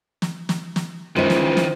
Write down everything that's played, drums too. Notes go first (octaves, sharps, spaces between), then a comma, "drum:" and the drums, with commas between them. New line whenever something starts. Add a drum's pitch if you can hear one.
drum: snare
drum: snare
drum: snare
C#2 D#3 E3 G#3 A#4 C5 E5
drum: snare
drum: snare